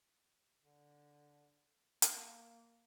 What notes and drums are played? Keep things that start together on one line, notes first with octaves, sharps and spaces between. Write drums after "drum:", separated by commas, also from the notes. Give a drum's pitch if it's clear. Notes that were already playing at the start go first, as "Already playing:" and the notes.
D3
A#3, drum: hi-hat